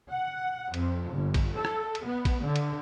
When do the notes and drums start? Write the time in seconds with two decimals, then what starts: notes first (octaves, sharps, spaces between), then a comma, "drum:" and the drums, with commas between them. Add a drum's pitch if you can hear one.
0.10 F#5
0.74 F2, drum: cymbal
1.12 G1
1.34 drum: kick, cymbal
1.56 A4
1.65 drum: rim click
1.95 drum: cymbal
2.05 B3
2.25 drum: kick, cymbal
2.43 D3
2.56 drum: cymbal